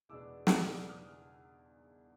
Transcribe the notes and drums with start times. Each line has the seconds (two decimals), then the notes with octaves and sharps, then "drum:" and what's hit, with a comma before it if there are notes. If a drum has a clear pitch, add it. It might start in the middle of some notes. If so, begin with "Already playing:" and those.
0.09 E2 B2 G#3 B3 D4 D6 E6
0.47 E6, drum: snare
0.57 E2 B2 G#3 B3 D4 D#6 F6
0.73 D6 E6
0.89 D#6 F6